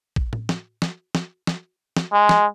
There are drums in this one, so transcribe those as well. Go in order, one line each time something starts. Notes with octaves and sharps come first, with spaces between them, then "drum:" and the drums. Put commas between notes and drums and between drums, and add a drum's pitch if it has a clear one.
drum: kick A#1
drum: tom A2
drum: snare
drum: snare
drum: snare
drum: snare
drum: snare
G#3
drum: snare